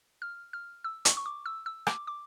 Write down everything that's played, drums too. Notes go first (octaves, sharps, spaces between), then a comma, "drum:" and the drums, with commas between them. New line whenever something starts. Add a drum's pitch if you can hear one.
F6
F6
E6
C#6, drum: hi-hat
C#6
D6
E6
E6
D6, drum: rim click
D6